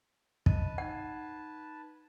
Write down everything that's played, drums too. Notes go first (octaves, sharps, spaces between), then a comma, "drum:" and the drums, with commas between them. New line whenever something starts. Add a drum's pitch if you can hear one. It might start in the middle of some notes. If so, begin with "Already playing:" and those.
B4 D#5 A5 D#7, drum: kick
D#4 F#5 G#6